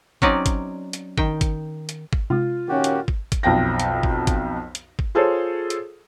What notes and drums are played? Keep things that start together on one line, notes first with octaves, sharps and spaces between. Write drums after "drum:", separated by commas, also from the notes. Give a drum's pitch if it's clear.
F#3 C4 C#4 D#4 D5, drum: kick
drum: kick, hi-hat
drum: hi-hat
D#3 G5, drum: kick
drum: kick, hi-hat
drum: hi-hat
drum: kick
C3 G#3 F4
D#2 A#2 C#4 F#4 G4
drum: hi-hat
drum: kick
drum: kick, hi-hat
B1 F2 G5 A#6
drum: hi-hat
drum: kick
drum: kick, hi-hat
drum: hi-hat
drum: kick
F4 G#4 A4 C5 C#5
drum: hi-hat